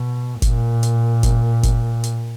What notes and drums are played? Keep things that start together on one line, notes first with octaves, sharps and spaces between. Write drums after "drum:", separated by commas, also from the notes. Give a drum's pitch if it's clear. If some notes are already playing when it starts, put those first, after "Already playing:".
Already playing: B2
A#2, drum: kick F#1, hi-hat
drum: hi-hat
drum: kick F#1, hi-hat
drum: kick F#1, hi-hat
drum: hi-hat